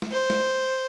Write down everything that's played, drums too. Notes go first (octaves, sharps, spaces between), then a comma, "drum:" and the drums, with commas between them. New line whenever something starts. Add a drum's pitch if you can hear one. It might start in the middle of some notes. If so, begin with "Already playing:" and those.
drum: snare
C5
drum: snare